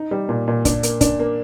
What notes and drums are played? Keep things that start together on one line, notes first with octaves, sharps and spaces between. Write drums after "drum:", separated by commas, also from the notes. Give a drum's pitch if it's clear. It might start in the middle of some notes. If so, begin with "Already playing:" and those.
Already playing: D#4
G3
A#2
A#2
D4, drum: kick, hi-hat
A#3, drum: hi-hat
D4, drum: kick, hi-hat
A#3